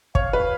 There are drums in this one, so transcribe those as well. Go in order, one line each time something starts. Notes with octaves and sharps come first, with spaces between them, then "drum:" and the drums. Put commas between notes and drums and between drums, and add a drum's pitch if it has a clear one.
C#5 F5, drum: kick
B4